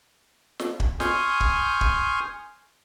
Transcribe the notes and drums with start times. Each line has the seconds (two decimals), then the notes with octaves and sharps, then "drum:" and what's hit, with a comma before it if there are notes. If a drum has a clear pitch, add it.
0.59 drum: snare
0.80 drum: kick
1.00 G#5 C6 C#6 D#6 F6 G6, drum: snare
1.40 drum: kick
1.81 drum: kick